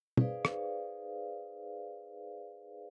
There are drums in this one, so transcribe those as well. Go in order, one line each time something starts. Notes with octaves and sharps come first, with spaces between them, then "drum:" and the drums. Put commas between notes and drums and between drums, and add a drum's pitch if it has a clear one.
D#4 G#4 B4 C5 D5 F5, drum: tom
drum: rim click